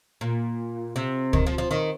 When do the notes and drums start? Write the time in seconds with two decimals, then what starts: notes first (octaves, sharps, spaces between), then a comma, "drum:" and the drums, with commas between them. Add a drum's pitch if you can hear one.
0.21 A#2
0.96 C3
1.33 D#3, drum: kick
1.47 F3
1.58 F3
1.71 D#3